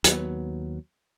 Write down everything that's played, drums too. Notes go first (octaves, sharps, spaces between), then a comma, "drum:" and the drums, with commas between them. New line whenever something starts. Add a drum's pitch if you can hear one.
D#2 F#3 B3, drum: hi-hat